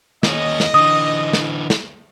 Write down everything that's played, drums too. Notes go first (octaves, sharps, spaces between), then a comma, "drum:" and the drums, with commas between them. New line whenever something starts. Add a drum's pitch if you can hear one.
D#2 C#4 D#5, drum: snare
drum: snare
D3 E3 D#6
drum: snare
drum: snare